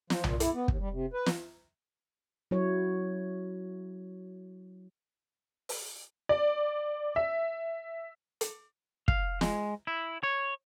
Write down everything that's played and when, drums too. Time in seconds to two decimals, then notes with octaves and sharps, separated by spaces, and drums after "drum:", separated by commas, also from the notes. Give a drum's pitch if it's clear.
0.10 F3, drum: snare
0.24 A#2, drum: tom B1
0.40 E4, drum: hi-hat
0.54 B3
0.68 D#2, drum: kick
0.80 G3
0.92 C3
1.14 B4
1.26 drum: snare
2.51 F#3 E4 C#5
5.69 drum: open hi-hat
6.29 D5
7.16 E5
8.41 drum: hi-hat
9.08 F5, drum: kick
9.41 G#3, drum: snare
9.87 E4
10.23 C#5